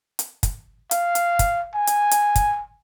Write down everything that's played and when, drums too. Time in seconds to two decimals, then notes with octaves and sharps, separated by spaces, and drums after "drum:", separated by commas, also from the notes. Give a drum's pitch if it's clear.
0.19 drum: hi-hat
0.43 drum: kick, hi-hat
0.91 F5, drum: hi-hat
1.15 drum: hi-hat
1.39 drum: kick, hi-hat
1.75 G#5
1.87 drum: hi-hat
2.11 drum: hi-hat
2.36 drum: kick, hi-hat